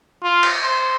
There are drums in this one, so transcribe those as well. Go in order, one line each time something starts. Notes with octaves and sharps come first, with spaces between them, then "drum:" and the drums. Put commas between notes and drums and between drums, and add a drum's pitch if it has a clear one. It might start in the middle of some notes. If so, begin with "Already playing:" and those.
F4
drum: cymbal
C5